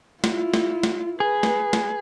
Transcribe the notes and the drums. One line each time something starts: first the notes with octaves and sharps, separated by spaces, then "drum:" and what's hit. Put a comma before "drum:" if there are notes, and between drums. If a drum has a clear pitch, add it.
E4 F4, drum: snare
drum: snare
drum: snare
G#4 B4
drum: snare
drum: snare